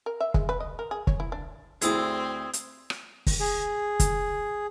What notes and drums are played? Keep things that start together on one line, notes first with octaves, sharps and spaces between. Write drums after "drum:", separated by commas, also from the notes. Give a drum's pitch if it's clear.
A#4
E5
G#3, drum: kick
B4
D#5
A#4
G#4
C#5, drum: kick
E4
D4
D2 C4 E4 G#4 D#6 E6 G#6, drum: hi-hat
drum: hi-hat
drum: rim click
drum: kick, open hi-hat
G#4
drum: kick, hi-hat